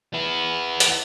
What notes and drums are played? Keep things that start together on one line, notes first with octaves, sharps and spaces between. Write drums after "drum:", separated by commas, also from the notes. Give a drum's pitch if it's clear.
B3 E4
drum: hi-hat